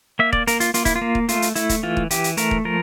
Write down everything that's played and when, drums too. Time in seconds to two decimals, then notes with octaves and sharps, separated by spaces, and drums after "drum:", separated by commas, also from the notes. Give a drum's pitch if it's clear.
0.19 A#3 E5
0.33 D5, drum: kick D#1
0.47 A#3 A#4, drum: hi-hat
0.60 F4, drum: hi-hat
0.74 A#3 F4, drum: hi-hat
0.85 E4, drum: kick D#1, hi-hat
0.96 F4
1.02 A#3
1.15 drum: kick D#1
1.29 A3 F4, drum: hi-hat
1.42 drum: hi-hat
1.56 A3 E4, drum: hi-hat
1.69 drum: kick D#1, hi-hat
1.83 E3 F4
1.97 drum: kick D#1
2.11 E3 G4, drum: hi-hat
2.24 drum: hi-hat
2.37 A3 A#4, drum: hi-hat
2.51 drum: kick D#1
2.65 F3 A#4